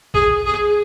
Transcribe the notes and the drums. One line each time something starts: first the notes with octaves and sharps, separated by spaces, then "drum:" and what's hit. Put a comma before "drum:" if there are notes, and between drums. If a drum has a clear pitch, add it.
G#4, drum: kick A#1
G#4